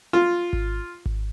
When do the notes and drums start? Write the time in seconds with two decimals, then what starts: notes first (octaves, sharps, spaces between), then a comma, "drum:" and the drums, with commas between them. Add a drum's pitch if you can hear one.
0.13 F4
0.53 drum: kick G#1
1.06 drum: kick G#1